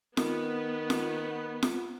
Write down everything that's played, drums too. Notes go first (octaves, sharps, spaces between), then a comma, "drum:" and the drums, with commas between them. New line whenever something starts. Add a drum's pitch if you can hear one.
D#3 B3, drum: snare
drum: snare
drum: snare